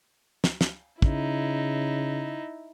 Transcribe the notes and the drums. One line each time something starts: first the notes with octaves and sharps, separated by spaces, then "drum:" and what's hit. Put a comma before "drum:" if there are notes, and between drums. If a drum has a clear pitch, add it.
drum: snare
drum: snare
C#3 D#4 E4, drum: kick